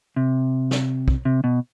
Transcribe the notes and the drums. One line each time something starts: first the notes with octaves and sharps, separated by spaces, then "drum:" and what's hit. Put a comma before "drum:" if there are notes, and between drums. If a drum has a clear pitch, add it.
C3
drum: snare
drum: kick
C3
B2